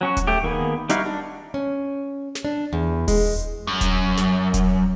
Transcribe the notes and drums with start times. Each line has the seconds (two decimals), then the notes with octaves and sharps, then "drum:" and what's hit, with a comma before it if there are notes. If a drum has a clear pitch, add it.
0.01 F#3 C#4 F#4
0.17 drum: kick D#1, hi-hat
0.27 A3 G4
0.43 D#3 A#3 B3 G#4
0.89 G3 D#4 E4 F#4 F5, drum: hi-hat
1.05 D4
1.54 C#4
2.35 drum: snare
2.45 D4
2.73 E2
3.08 G#3, drum: kick D#1, open hi-hat
3.67 F#2
3.81 drum: kick D#1, hi-hat
4.17 drum: snare
4.54 drum: kick D#1, hi-hat